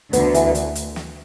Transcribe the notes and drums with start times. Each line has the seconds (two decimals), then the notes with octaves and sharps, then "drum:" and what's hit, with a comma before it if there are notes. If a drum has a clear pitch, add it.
0.13 D2 D3 B3, drum: hi-hat
0.34 E3, drum: hi-hat
0.55 drum: hi-hat
0.75 drum: hi-hat
0.96 drum: snare